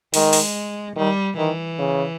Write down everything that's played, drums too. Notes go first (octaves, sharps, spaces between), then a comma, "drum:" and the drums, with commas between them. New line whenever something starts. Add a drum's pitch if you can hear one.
D#3 G#3, drum: open hi-hat
drum: open hi-hat
D#3 G3
D#3 E3
C#3